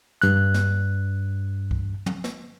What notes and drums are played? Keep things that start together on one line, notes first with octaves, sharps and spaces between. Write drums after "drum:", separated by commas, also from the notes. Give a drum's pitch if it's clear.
G2 F#6, drum: hi-hat
drum: snare
drum: kick
drum: tom
drum: snare